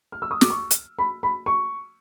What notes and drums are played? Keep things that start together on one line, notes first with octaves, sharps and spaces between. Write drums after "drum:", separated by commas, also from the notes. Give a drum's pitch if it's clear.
F6
E6
D#6
D6, drum: snare
C#6
drum: hi-hat
B5
B5
C#6